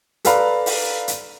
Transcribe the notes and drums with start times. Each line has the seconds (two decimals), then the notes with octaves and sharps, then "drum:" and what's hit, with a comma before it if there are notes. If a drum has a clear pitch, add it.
0.25 A4 B4 D5 F5 A#5 B5, drum: hi-hat
0.66 drum: open hi-hat
1.08 drum: hi-hat